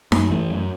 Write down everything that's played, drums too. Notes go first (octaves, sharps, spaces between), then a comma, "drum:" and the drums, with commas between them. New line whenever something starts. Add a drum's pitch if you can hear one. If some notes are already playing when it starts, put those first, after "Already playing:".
F#2, drum: snare D#4
E3 A3
F#2